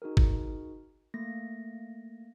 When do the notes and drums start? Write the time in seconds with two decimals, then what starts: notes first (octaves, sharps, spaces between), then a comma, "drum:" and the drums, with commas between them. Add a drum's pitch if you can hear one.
0.02 D#4 F#4 G#4 A#4
0.17 drum: kick G1
1.14 A3 A#3 A#6